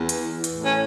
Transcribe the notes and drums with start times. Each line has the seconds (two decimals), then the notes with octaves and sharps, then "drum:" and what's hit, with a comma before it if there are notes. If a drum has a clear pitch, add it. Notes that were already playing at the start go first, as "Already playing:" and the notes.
Already playing: E2
0.09 E3, drum: hi-hat
0.33 E3
0.44 drum: hi-hat
0.55 A2
0.65 C#4